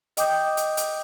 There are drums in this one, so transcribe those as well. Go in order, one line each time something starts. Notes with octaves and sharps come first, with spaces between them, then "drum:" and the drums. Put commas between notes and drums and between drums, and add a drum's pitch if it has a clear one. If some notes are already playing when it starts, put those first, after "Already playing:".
D#5 G5 D6 D#6 G6, drum: hi-hat
drum: hi-hat
drum: hi-hat